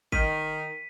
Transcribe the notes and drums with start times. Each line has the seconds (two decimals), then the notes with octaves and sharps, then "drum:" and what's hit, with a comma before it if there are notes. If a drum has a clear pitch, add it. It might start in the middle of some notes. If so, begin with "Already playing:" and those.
0.12 D#3 B6 D#7, drum: kick G#1